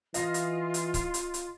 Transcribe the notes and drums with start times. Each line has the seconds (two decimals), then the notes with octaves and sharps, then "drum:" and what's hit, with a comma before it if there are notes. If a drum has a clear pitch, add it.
0.14 E3 F4 D#5 F5 A#6, drum: hi-hat
0.34 drum: hi-hat
0.74 drum: hi-hat
0.94 drum: kick C#1, hi-hat
1.14 drum: hi-hat
1.34 drum: hi-hat